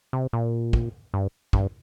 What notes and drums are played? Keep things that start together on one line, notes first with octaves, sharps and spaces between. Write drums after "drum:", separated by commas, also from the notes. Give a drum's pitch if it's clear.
C3
A#2
drum: kick
G2
G2, drum: kick